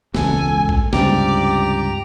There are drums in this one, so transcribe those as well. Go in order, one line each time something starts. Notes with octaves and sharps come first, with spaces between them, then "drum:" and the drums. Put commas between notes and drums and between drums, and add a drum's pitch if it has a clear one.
E1 C#2 A4 G#5, drum: snare
drum: kick
C#2 G2 C3 G4 D5 G5 A#5, drum: snare